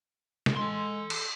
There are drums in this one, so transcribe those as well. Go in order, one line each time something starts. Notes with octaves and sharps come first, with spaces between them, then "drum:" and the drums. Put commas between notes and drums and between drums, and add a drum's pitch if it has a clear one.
drum: snare
G#3 A4 C6
drum: cymbal